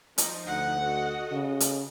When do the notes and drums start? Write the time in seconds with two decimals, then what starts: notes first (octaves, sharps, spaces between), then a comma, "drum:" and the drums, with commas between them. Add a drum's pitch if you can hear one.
0.18 F3 D#4, drum: hi-hat
0.47 D2 F#5
0.81 F#4 A4 D#5
1.32 C#3
1.60 drum: hi-hat